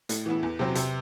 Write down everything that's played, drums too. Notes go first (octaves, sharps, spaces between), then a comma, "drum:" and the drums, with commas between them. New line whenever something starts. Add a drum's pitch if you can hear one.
A2, drum: hi-hat
E3 B3 E4
E2
C3 F#3 C4
C3, drum: hi-hat